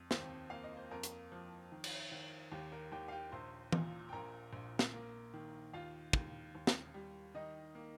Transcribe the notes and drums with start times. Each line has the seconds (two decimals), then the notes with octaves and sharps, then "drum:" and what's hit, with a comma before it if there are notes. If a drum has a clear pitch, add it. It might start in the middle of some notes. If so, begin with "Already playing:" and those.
Already playing: F2
0.11 D#2 C4 C5, drum: snare
0.50 A#3 F5
0.64 D#5
0.77 C5
0.91 F2 A#4
1.03 drum: hi-hat
1.32 F3
1.72 D#3
1.84 drum: cymbal
2.11 D#3
2.51 D#2 G4
2.72 A#4
2.92 D#2 G4 G5
3.08 F5
3.12 G4 G5
3.32 A#1 C5 C6
3.72 A#2, drum: tom
4.09 G5
4.13 A#1 A#4 A#5
4.53 A#1
4.79 drum: snare
4.93 A#3
5.34 D#3
5.73 D#2 F4 F5
6.13 D#2, drum: kick
6.55 D#2
6.67 drum: snare
6.94 G3
7.35 D#3 D#4 D#5
7.75 A#3